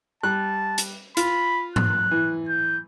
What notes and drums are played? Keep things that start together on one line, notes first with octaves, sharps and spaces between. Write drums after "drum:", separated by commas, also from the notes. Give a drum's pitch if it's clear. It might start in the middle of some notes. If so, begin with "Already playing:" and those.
G3 A5 F#6
drum: hi-hat
F4 B5, drum: hi-hat
F#6, drum: tom G#2
E3
G6